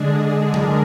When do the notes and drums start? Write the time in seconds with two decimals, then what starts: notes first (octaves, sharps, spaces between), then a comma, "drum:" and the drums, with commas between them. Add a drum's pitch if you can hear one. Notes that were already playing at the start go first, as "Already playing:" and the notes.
Already playing: D3 G#3 D4 G#4
0.54 A#4, drum: tom F#3